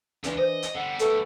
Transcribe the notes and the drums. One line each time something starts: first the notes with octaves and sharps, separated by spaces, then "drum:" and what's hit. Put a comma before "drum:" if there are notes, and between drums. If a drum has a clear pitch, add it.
C#2 E3 D4, drum: hi-hat
C5 D#5
drum: hi-hat
D3 G3 F#5
A3 B4 C#6 E6, drum: hi-hat